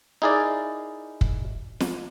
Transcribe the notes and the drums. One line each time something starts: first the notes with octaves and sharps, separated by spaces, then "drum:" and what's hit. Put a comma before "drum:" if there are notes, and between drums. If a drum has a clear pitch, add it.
D#4 E4 G#4 A#4 D5
drum: kick
drum: snare